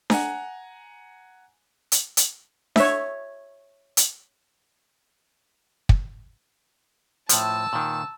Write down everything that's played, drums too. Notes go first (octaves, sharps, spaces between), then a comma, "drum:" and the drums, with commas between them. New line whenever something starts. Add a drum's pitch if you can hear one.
F#5 G#5 A#5, drum: snare D4
drum: hi-hat
drum: hi-hat
C#5 E5, drum: snare D4
drum: hi-hat
drum: kick
A2 F3 A5 E6, drum: hi-hat
A#2 D#3